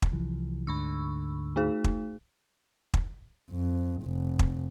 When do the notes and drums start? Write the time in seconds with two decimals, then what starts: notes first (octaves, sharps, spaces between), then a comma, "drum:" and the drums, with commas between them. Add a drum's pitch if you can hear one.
0.02 drum: kick
0.12 C2 E3 F3
0.67 D2 G#2 D3 B5 C#6 E6
1.56 A3 D#4 G#4
1.84 drum: kick
2.94 drum: kick
3.51 F2
4.03 F1
4.39 drum: kick